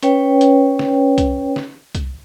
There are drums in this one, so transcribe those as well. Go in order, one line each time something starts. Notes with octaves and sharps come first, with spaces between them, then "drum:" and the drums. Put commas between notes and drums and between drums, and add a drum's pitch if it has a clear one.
C#4 B4 C#5 G5, drum: hi-hat
drum: hi-hat
drum: snare
drum: kick C2, hi-hat
drum: snare
drum: kick C2, hi-hat